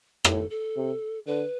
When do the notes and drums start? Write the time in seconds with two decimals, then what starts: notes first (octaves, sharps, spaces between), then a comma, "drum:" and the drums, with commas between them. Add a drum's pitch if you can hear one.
0.24 A2 A4, drum: rim click
0.50 A4
0.77 C3
1.27 D3 B4